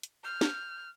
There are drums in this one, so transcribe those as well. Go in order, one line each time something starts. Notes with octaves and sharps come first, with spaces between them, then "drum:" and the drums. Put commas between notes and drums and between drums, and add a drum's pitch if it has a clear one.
drum: hi-hat
F6 G6
drum: snare